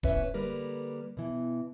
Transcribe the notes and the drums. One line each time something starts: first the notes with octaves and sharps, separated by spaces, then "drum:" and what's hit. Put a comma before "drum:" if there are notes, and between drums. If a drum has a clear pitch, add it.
B2 E3 C#4 B4 C#5 E5, drum: kick D#1
D3 G3 A#3 A#4 B4
B2 E3